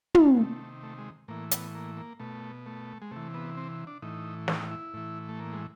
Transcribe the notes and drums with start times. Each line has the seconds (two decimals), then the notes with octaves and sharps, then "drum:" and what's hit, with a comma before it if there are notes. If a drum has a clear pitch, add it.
0.15 A3, drum: tom
0.33 G#3
0.37 C3 D#3 A3
0.83 A3
0.98 G#3
1.28 A2 E3 A#3
1.51 B3, drum: hi-hat
1.75 A#3
1.97 A#3
2.20 B2 A3
2.66 A3
3.02 G#3
3.11 C3 E3 A3
3.34 B3
3.57 C4
3.87 D4
4.02 A2 E3 D#4
4.48 D#4, drum: snare
4.71 E4
4.94 A2 E3
5.29 A3
5.39 A#3
5.53 G#3